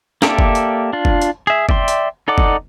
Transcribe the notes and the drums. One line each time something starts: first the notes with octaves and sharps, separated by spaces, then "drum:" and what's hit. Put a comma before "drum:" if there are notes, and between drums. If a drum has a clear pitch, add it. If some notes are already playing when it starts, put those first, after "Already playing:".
A#3 G4 A4 D5 E5, drum: snare
drum: kick
drum: hi-hat
D4 F4
drum: kick
drum: hi-hat
G#4 E5
D5 E5 G5 C6, drum: kick
drum: hi-hat
D#4 A4 D5 F#5 D6
drum: kick